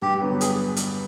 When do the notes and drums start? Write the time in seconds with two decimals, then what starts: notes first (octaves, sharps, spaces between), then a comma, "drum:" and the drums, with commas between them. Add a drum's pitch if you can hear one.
0.02 G2 G4
0.21 D3 F#3 B3
0.41 G#4, drum: hi-hat
0.76 drum: hi-hat